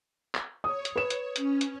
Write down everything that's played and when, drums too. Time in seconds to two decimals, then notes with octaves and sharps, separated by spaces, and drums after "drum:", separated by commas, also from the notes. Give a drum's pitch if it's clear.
0.35 drum: clap
0.64 C#5 D#6
0.85 drum: hi-hat
0.96 B4 E7
1.10 drum: hi-hat
1.36 C#4, drum: hi-hat
1.61 drum: hi-hat